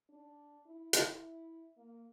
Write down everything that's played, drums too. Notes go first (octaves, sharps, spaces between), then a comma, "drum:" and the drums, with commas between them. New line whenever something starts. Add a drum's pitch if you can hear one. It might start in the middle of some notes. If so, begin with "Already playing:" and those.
D4
E4
E4, drum: hi-hat
A#3